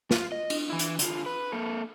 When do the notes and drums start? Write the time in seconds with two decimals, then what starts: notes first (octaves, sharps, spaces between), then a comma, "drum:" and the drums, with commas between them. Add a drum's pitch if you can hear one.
0.11 F4, drum: snare
0.32 D#5
0.50 drum: cymbal
0.70 E3 E4
0.79 drum: hi-hat
0.99 D3 F4, drum: hi-hat
1.26 B4
1.52 A#3 A4